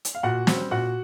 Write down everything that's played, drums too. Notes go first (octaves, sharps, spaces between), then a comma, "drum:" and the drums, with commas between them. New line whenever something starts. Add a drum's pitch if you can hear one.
drum: hi-hat
F5
A#2 F#4 F#5
G3 C4, drum: snare
A#2 F#4 F#5